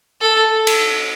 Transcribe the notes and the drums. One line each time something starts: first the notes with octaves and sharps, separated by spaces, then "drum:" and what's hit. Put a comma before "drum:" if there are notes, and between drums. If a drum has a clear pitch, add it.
A4
drum: cymbal